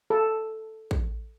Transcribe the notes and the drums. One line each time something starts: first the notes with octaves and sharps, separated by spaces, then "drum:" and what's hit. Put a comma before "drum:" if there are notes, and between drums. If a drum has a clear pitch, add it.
A4
drum: kick